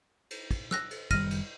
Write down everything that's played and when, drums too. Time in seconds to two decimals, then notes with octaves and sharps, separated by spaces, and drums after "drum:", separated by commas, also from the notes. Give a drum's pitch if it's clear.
0.31 drum: cymbal
0.51 drum: kick, cymbal
0.71 E6 F#6 A#6, drum: snare
0.91 drum: cymbal
1.11 F#1 D#3 G3 F6 A#6 D#7, drum: kick, cymbal
1.31 drum: cymbal